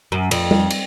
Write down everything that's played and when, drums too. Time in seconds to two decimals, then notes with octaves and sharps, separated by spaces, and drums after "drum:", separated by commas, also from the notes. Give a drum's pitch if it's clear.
0.12 F#2
0.31 F2, drum: cymbal
0.51 drum: tom G3
0.70 drum: cymbal